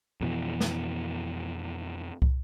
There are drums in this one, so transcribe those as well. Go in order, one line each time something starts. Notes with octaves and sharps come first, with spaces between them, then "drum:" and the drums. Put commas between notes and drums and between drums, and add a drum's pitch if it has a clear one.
F2 B2 E3
drum: snare
drum: kick